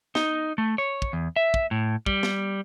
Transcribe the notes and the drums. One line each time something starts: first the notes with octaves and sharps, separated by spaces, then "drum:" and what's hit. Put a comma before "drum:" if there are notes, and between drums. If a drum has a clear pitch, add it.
D#4, drum: snare
A3
C#5
drum: kick
E2
E5
drum: kick
A2
G3, drum: kick
drum: snare